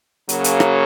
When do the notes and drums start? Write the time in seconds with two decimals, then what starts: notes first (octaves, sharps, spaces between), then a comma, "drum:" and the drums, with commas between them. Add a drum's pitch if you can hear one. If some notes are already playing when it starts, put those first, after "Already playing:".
0.29 C#3 F#3 A#3, drum: hi-hat
0.44 drum: hi-hat
0.60 drum: rim click